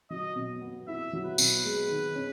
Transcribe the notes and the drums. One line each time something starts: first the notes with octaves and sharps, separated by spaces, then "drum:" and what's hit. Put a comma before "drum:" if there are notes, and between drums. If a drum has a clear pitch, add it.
F#3 D#5
B2
B3
E4 E5
F#3
B4
B2, drum: tambourine
G#3
D#3
C#4